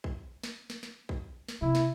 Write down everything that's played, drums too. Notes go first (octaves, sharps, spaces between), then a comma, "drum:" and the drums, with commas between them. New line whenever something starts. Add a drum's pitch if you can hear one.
drum: kick A#1
drum: snare
drum: snare
drum: snare
drum: kick A#1
drum: snare
C3 E4
drum: snare